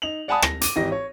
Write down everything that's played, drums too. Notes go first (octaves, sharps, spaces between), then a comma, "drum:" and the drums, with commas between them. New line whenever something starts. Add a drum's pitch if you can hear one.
D#4 F7 F#7
D5 F#5 G#5 A5 B5 D#6
A#6, drum: rim click
D6 D#7, drum: hi-hat
G#1 E3 G4 D#5 A#6
C#5